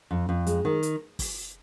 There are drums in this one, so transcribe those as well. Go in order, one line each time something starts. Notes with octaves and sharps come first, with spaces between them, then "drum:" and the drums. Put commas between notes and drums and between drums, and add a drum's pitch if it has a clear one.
F2
F2
G#3, drum: hi-hat
D#3
drum: hi-hat
drum: kick, open hi-hat